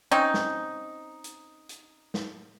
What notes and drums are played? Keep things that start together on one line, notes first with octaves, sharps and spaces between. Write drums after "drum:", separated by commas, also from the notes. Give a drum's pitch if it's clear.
C4 C#4 D#4
drum: snare
drum: hi-hat
drum: hi-hat
drum: snare